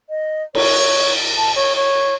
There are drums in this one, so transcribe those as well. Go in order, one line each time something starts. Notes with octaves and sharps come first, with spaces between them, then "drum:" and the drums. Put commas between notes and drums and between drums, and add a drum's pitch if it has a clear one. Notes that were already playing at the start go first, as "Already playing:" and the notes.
D#5
C#5, drum: cymbal
A5
C#5
C#5